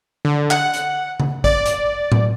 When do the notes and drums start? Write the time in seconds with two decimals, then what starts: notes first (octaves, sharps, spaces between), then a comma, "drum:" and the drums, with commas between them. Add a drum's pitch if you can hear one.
0.25 D3
0.51 F#5, drum: clap
0.74 drum: hi-hat
1.20 drum: tom C#3
1.44 D5, drum: kick
1.66 drum: hi-hat
2.12 drum: tom A2